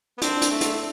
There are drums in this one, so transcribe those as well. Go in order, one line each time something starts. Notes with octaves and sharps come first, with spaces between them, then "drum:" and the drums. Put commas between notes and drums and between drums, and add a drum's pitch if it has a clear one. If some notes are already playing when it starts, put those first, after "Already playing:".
B3
C4 D4, drum: hi-hat
drum: hi-hat
A3
drum: hi-hat